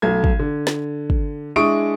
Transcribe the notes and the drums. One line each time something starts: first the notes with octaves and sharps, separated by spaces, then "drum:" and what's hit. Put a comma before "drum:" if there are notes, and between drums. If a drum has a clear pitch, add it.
B1 A3 G#6
drum: kick
D3
drum: snare
drum: kick
G#3 D4 E4 C#6 D#6 D7